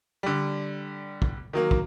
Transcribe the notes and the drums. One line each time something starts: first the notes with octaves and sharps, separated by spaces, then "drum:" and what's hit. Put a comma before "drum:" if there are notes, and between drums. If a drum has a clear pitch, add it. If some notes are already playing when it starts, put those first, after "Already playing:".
D3 G3
drum: kick
D#3 F#3 A#3
drum: kick